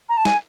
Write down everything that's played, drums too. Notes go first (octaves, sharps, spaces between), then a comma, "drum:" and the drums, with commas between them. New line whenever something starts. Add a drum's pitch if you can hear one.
A#5
A5
G#5, drum: snare